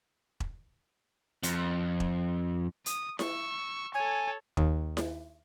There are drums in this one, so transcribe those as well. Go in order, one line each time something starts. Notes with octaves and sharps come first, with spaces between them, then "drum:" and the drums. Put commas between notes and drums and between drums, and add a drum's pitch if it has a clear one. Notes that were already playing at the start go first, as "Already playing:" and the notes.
drum: kick E1
F2, drum: hi-hat
drum: kick E1
D#6, drum: hi-hat
C#6 E6, drum: snare E4
A4 C#5 G#5
D#2, drum: kick E1
drum: snare E4